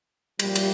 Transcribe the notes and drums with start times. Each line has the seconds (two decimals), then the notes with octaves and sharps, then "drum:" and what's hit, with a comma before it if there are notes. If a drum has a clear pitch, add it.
0.39 A#2 F3 G3, drum: cymbal
0.56 drum: cymbal